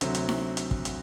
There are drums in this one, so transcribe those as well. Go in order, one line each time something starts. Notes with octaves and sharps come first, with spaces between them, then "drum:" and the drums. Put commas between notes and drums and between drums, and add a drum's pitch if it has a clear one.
D2 C3 F#3 C4 F#4, drum: hi-hat
drum: hi-hat
drum: snare D#4
drum: hi-hat
drum: kick
drum: hi-hat